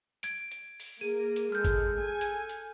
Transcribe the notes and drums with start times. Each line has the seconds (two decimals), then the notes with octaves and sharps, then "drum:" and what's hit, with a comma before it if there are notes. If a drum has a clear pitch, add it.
0.23 G#6 D7, drum: hi-hat
0.51 drum: hi-hat
0.80 drum: open hi-hat
1.01 A#3 G#4 A#4 D#7
1.36 drum: hi-hat
1.52 G#3 A4 F6 G6
1.65 drum: kick G#1, hi-hat
1.99 A4 G#5
2.21 drum: hi-hat
2.49 drum: hi-hat